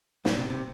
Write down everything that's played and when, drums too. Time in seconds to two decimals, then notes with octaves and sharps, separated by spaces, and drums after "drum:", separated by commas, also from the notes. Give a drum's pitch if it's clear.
0.25 A#2, drum: snare
0.38 C3
0.50 C3